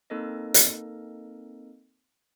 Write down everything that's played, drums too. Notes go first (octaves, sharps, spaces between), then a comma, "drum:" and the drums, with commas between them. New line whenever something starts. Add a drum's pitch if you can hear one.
A#3 C4 D#4 A4 A#4 D#5
drum: hi-hat